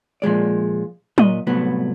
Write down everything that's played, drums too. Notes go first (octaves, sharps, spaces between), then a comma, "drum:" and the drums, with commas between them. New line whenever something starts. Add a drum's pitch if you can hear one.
A#2 F3 G#3 D5
A#2 D#5, drum: tom F#3
C2 A2 F#3 B3